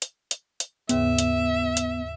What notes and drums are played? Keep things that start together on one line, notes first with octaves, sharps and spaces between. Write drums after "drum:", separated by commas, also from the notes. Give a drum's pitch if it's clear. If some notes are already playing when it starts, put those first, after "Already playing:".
drum: hi-hat
drum: hi-hat
drum: hi-hat
D#2 G#2 C#3 B3 E5, drum: hi-hat
drum: hi-hat
drum: hi-hat